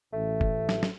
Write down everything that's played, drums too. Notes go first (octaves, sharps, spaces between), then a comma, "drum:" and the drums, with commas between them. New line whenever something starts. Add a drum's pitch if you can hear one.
A1 A3
drum: kick F#1
drum: snare
drum: snare